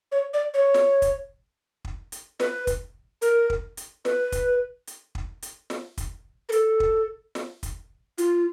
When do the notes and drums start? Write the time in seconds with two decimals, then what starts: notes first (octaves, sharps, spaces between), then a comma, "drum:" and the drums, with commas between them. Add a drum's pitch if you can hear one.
0.12 C#5
0.34 D5
0.54 C#5
0.74 drum: snare
1.02 drum: kick, hi-hat
1.85 drum: kick
2.12 drum: hi-hat
2.40 B4, drum: snare
2.67 drum: kick, hi-hat
3.22 A#4, drum: hi-hat
3.50 drum: kick
3.77 drum: hi-hat
4.05 B4, drum: snare
4.32 drum: kick, hi-hat
4.87 drum: hi-hat
5.15 drum: kick
5.42 drum: hi-hat
5.70 drum: snare
5.98 drum: kick, hi-hat
6.49 A#4
6.52 A4, drum: hi-hat
6.80 drum: kick
7.35 drum: snare
7.63 drum: kick, hi-hat
8.18 F4, drum: hi-hat